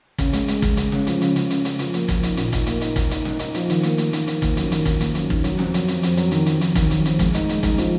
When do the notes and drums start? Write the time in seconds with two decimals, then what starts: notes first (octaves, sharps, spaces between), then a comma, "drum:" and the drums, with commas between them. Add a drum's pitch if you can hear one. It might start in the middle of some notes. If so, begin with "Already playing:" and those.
0.18 C#3, drum: kick, hi-hat
0.33 G#3, drum: hi-hat
0.48 G#3, drum: hi-hat
0.62 C#3, drum: kick, hi-hat
0.77 C#3, drum: hi-hat
0.92 C#3, drum: snare
1.07 F3, drum: hi-hat
1.21 C#3, drum: hi-hat
1.36 C#3, drum: hi-hat
1.50 C#3, drum: hi-hat
1.65 C#3, drum: hi-hat
1.79 F3, drum: hi-hat
1.94 A#3, drum: hi-hat
2.08 F3, drum: kick, hi-hat
2.23 D#4, drum: hi-hat
2.37 A#2, drum: hi-hat
2.53 D#4, drum: kick, hi-hat
2.66 A#3, drum: hi-hat
2.81 D#4, drum: hi-hat
2.96 D#4, drum: kick, hi-hat
3.11 D#4, drum: hi-hat
3.25 D#4, drum: snare
3.39 D#4, drum: hi-hat
3.54 F3, drum: hi-hat
3.70 D#3, drum: hi-hat
3.83 A#3, drum: hi-hat
3.98 A#3, drum: hi-hat
4.13 D#3, drum: hi-hat
4.27 D#3, drum: hi-hat
4.42 A#3, drum: kick, hi-hat
4.57 F#2, drum: hi-hat
4.72 D#3, drum: hi-hat
4.85 D#3, drum: kick, hi-hat
5.00 A#3, drum: hi-hat
5.15 F#2, drum: hi-hat
5.30 D#3, drum: kick
5.44 F#3, drum: hi-hat
5.59 F2, drum: snare
5.74 F#3, drum: hi-hat
5.88 F2, drum: hi-hat
6.03 F2, drum: hi-hat
6.17 F#3, drum: hi-hat
6.31 D#3, drum: hi-hat
6.46 F2, drum: hi-hat
6.61 D#3, drum: hi-hat
6.75 D#3, drum: kick, hi-hat
6.91 F#3, drum: hi-hat
7.05 F2, drum: hi-hat
7.19 G#3, drum: kick, hi-hat
7.34 D#4, drum: hi-hat
7.49 G#3, drum: hi-hat
7.63 D#4, drum: kick, hi-hat
7.78 F3, drum: hi-hat